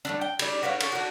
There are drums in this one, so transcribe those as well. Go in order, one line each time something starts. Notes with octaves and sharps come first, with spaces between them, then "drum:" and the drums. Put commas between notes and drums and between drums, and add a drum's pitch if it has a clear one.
G3 A3 D4
G5
G3 G4 D5, drum: cymbal
F#4 B4 C#5 F5
C#4 G#4 D5, drum: cymbal
D4 F#4